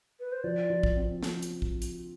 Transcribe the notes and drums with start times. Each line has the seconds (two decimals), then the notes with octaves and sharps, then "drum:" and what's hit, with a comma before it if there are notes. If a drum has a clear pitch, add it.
0.20 B4
0.32 C5
0.44 F3 D5
0.70 F3
0.83 drum: kick A#1
0.97 C4
1.23 F3, drum: snare
1.42 drum: hi-hat
1.62 drum: kick A#1
1.82 drum: hi-hat